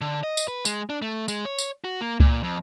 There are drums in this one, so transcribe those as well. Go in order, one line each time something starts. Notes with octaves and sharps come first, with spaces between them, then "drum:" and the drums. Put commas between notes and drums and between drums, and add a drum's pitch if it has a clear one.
D3
D#5
drum: tambourine
B4
G#3, drum: tambourine
D4
A3
G#3, drum: tambourine
C#5
drum: tambourine
F#4
A#3
A#2, drum: kick C#2
F2